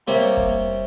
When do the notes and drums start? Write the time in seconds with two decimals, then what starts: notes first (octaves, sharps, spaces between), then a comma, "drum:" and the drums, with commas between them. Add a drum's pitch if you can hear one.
0.07 C3 G3 A#3 C4 G4 C#5
0.37 drum: kick F1